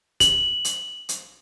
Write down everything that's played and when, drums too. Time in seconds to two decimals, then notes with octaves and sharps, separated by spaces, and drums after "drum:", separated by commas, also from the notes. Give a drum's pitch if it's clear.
0.20 F#7, drum: kick, hi-hat
0.65 drum: hi-hat
1.09 drum: hi-hat